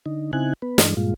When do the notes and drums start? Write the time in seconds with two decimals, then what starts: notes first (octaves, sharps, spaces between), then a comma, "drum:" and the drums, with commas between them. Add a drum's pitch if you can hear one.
0.06 D3 D#4
0.33 C#3 C4 D#4 E4 G#5 F#6
0.62 B3 B4
0.78 G2 E3 G#3 D4, drum: snare
0.97 G2 A#2 G#3 F4